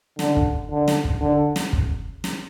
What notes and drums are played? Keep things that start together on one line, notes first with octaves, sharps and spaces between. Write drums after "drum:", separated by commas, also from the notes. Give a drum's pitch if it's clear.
D3, drum: snare
drum: kick
D3
drum: snare
drum: kick
D3
drum: snare
drum: kick
drum: snare